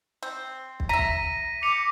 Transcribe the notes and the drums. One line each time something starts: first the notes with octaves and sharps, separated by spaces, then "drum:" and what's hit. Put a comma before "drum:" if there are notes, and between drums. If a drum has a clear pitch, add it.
C4
drum: kick
E5 A#5 A#6 B6 D#7
drum: kick
D6 C#7 D#7 F7